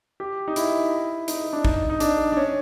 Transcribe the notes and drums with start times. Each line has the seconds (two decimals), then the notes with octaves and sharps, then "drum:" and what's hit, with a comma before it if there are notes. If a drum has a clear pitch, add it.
0.20 G4
0.48 D#4
0.56 E4, drum: hi-hat
1.28 D#4, drum: hi-hat
1.53 D4
1.65 D#4, drum: kick A1
1.90 D#4
2.00 D4, drum: hi-hat
2.32 D4
2.37 C#4